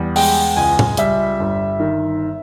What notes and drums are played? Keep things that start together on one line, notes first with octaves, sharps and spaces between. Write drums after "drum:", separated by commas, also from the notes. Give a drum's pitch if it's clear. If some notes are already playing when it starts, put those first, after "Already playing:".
Already playing: E2 G3
G#3 G5, drum: open hi-hat
C#2 G#5
drum: tom A2
G3 E5, drum: hi-hat
G1
D#3